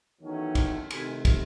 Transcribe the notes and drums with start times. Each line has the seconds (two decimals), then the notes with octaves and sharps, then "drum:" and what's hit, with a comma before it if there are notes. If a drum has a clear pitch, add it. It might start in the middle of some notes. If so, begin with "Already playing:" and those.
0.21 E2 D#3 F#3 A3 C#4
0.55 drum: kick, cymbal
0.91 C3 D#3 A3 G#5, drum: cymbal
1.25 drum: kick, cymbal